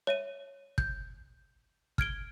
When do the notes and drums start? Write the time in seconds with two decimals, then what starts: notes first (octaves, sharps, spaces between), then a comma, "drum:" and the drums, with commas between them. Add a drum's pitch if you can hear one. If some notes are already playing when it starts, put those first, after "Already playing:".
0.07 C#5 E5 D#7
0.78 G6, drum: kick
1.98 F6 G#6 D7 G7, drum: kick